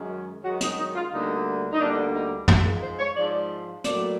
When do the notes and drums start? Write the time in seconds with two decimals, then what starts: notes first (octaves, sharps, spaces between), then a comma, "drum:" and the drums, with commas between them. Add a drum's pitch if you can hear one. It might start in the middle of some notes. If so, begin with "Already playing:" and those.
Already playing: F#2 D#3 G#3 C#4
0.43 F#2 D#3 G#3 C#4 F#4
0.61 D#4, drum: hi-hat
0.77 D#4
0.95 F4
1.12 D2 D3 G3 A#3 D#4
1.72 D#4
1.80 D2 D3 G3 A#3 D4
2.15 D#4
2.48 G#2 F3 G#3 E4, drum: tom
2.65 A#4
2.83 C5
2.99 C#5
3.16 G#2 F3 G#3 D5
3.84 A2 F#3 A#3 D5, drum: hi-hat